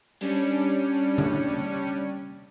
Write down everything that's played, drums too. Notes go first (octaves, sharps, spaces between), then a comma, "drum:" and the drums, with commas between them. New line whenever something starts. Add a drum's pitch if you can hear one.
G3 C#4 D4 C#7, drum: hi-hat
drum: tom C#3